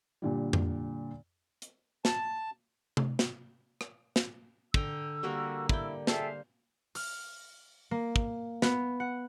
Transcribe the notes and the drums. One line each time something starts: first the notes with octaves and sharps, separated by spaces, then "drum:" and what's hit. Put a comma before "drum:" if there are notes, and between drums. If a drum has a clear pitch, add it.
A#2 D3 G3
drum: tom F2
drum: hi-hat
A5, drum: snare
drum: tom C3
drum: snare
drum: rim click
drum: snare
D3 G5 A#5 E6, drum: kick
G3 A#3 F#4 A#4
E4 D5 G5, drum: kick
G#4 A4 C5 E5 F5 G5, drum: snare
F6, drum: open hi-hat
A#3
drum: kick
B3, drum: snare
F#5